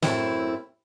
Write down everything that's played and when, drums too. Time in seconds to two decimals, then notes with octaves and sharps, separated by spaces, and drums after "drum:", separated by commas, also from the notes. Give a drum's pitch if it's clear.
0.02 F#2 A2 C4 E4, drum: snare